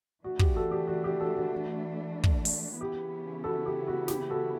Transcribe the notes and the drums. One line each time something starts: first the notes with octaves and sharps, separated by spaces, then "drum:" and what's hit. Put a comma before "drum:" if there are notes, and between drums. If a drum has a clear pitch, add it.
E3 A3 D4 F#4
G4, drum: kick
F#4 A4
G4
F#4
G4
F#4 A4
F#4
drum: kick
drum: open hi-hat
C#3 E3 B3 E4 G4
F#4 A4
G4
F#4
G4, drum: snare
F#4 A4